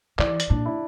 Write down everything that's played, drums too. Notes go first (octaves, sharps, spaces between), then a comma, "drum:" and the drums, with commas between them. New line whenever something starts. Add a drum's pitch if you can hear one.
E3 D5, drum: clap
drum: hi-hat
A#2 D4
E4